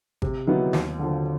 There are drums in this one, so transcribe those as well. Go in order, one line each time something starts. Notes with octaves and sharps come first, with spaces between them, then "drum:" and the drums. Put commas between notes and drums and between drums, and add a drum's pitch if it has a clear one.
C3, drum: kick G#1
D#3 F#3 B3 E4
D#2, drum: snare
D3 F3